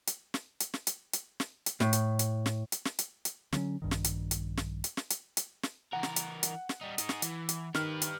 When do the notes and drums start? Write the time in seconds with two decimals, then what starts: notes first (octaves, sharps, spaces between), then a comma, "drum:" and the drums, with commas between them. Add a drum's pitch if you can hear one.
0.07 drum: hi-hat
0.34 drum: snare
0.60 drum: hi-hat
0.74 drum: snare
0.87 drum: hi-hat
1.13 drum: hi-hat
1.40 drum: snare
1.66 drum: hi-hat
1.80 A2, drum: snare
1.93 drum: hi-hat
2.19 drum: hi-hat
2.46 drum: snare
2.72 drum: hi-hat
2.85 drum: snare
2.99 drum: hi-hat
3.25 drum: hi-hat
3.52 D3 F#3 G3 C#4, drum: snare
3.82 A#1 G2 D#3
3.91 drum: snare
4.04 drum: hi-hat
4.31 drum: hi-hat
4.57 drum: snare
4.84 drum: hi-hat
4.97 drum: snare
5.10 drum: hi-hat
5.37 drum: hi-hat
5.63 drum: snare
5.93 E3 A#4 F#5
6.03 drum: snare
6.16 drum: hi-hat
6.43 drum: hi-hat
6.69 drum: snare
6.81 G3 D#4
6.98 D#4 G#4, drum: hi-hat
7.09 drum: snare
7.22 E3, drum: hi-hat
7.49 drum: hi-hat
7.74 D#3 G3 B4 F6, drum: snare
8.02 drum: hi-hat